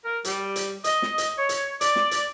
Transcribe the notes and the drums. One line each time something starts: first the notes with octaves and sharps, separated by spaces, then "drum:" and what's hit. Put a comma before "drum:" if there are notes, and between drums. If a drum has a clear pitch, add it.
A#4
G3, drum: hi-hat
drum: hi-hat
D#5, drum: hi-hat
drum: snare
drum: hi-hat
C#5
drum: hi-hat
D5, drum: hi-hat
drum: snare
drum: hi-hat